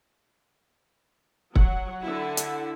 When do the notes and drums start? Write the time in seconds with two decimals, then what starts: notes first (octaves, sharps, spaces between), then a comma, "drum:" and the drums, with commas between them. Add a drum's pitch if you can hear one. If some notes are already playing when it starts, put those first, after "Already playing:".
1.56 F#3 F#5, drum: kick
2.02 D3 E4
2.37 drum: hi-hat